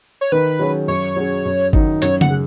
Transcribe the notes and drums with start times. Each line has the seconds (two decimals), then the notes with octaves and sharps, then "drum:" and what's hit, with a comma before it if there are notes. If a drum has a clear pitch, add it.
0.21 C#5
0.32 D#3 B4
0.59 F#3 C#4 G#4
0.88 F#2 C#5
1.16 F#3 C#4 G#4
1.45 F#2
1.73 D#3 F#3 D#4, drum: kick G1
2.02 F#2 C#5, drum: hi-hat
2.21 F#5, drum: tom C#3
2.30 G#4